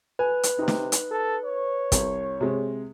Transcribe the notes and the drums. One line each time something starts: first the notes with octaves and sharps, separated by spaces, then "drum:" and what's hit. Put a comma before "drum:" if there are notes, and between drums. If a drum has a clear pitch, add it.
B4 G#5
drum: hi-hat
C3 D#4
drum: snare
drum: hi-hat
A4
C#5
C2, drum: kick, hi-hat
C3 G#3